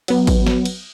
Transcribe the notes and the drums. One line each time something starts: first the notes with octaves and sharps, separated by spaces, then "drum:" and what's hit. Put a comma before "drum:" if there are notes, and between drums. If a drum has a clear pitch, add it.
F#3 B3, drum: cymbal
drum: kick, cymbal
drum: snare
drum: cymbal